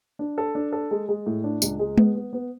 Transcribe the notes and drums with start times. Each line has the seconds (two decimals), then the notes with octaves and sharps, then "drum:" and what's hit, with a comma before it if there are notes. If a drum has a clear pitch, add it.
0.19 D4
0.38 A4
0.55 D4
0.72 A4
0.91 G#3
1.09 G#3
1.26 A2
1.44 D4
1.62 C#2, drum: tambourine
1.79 G#3
1.98 B3, drum: tom G#3
2.16 B3
2.33 B3